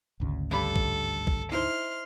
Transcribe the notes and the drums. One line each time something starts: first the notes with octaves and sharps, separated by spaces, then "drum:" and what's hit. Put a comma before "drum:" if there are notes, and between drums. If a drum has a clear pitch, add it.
G#1 D2 C#3
G2 D3 A4 B5
drum: kick
drum: kick
D#4 E4 C5 C6 F6